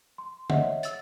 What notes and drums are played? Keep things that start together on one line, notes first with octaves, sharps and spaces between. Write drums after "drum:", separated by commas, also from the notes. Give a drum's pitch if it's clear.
C6
C#5 D#5 E5 F#5, drum: tom
E6 A6, drum: hi-hat